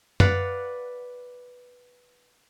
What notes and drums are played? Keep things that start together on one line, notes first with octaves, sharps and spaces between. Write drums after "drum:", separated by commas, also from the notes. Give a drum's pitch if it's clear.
B4 D5 F5 F#5, drum: tom F#2